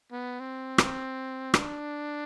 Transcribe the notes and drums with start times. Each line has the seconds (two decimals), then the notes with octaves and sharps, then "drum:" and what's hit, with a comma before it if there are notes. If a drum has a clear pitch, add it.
0.12 B3
0.40 C4
0.78 drum: rim click
1.54 D4, drum: rim click